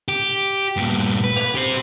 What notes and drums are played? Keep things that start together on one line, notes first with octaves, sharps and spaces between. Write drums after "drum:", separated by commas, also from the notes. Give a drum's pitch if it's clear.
G4
G2 A#2
B4
drum: open hi-hat
G4 C5